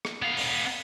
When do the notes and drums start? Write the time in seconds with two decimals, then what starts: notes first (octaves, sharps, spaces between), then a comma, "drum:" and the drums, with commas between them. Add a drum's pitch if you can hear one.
0.05 drum: rim click
0.22 B3 F5
0.37 drum: open hi-hat